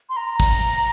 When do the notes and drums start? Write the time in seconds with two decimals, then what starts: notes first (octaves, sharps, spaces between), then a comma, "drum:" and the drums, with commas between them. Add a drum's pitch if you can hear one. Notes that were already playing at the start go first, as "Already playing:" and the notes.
0.09 C6
0.17 A#5
0.40 drum: kick, open hi-hat